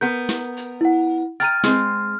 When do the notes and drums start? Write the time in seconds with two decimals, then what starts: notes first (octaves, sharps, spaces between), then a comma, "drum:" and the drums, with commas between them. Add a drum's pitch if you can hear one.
0.01 B3 A#4 G6
0.29 drum: snare
0.57 drum: hi-hat
0.81 E4 F#5
1.40 G5 A#5 F6 A6 D#7, drum: hi-hat
1.64 G#3 C4, drum: snare